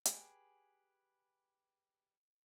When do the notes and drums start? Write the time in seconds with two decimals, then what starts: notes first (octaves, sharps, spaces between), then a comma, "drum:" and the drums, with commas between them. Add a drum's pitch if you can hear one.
0.05 G4 G#4 B4 G#5, drum: hi-hat